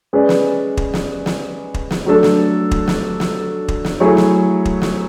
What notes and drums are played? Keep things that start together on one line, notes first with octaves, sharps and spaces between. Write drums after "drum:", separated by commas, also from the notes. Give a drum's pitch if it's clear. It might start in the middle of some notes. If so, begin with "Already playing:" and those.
G#3 C#4 G#4 B4 D5
drum: snare
drum: kick
drum: snare
drum: snare
drum: kick
drum: snare
F#3 A3 D4 A4
drum: snare
drum: kick
drum: snare
drum: snare
drum: kick
drum: snare
F#3 A3 E4 G#4 C#5
drum: snare
drum: kick
drum: snare